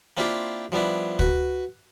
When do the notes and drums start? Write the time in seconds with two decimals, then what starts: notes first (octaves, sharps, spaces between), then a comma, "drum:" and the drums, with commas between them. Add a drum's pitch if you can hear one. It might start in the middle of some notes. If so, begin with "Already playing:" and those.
0.17 A#3 C4 D4 E4 F4 G4
0.72 F3 G3 B3 D4 E4
1.19 F#4 B4, drum: kick